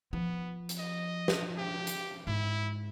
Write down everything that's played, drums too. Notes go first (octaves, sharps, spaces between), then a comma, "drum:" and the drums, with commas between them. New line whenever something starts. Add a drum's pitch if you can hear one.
F3 B3
drum: hi-hat
D#5
drum: snare
G4
drum: hi-hat
G#2 E4